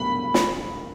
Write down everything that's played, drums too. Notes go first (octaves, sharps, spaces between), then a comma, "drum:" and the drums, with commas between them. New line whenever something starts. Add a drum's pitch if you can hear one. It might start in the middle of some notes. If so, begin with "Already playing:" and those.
Already playing: B5
drum: snare